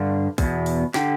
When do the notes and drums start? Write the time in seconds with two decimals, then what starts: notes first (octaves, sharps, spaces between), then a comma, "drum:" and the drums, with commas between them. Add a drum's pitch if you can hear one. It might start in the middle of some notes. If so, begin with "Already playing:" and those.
Already playing: G2 D3
0.38 E2 B2, drum: kick, open hi-hat
0.66 drum: open hi-hat
0.94 D3 G4, drum: snare